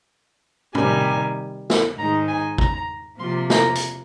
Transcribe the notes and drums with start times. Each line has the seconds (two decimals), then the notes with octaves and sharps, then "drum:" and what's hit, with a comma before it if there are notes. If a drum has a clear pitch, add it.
0.75 C3 D#3 G3 A#3 G#5, drum: tom
1.70 drum: snare
1.97 G#2 D#3 G#3 D#4 A#5
2.27 G#5
2.58 A#5, drum: kick
3.19 C3 F3 A#3 F4 C6
3.50 A#5, drum: snare
3.75 drum: hi-hat